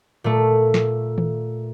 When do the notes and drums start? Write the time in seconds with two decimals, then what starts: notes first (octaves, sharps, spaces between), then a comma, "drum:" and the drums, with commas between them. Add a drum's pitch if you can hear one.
0.24 A#2 A3
0.74 drum: snare
1.18 drum: tom D#3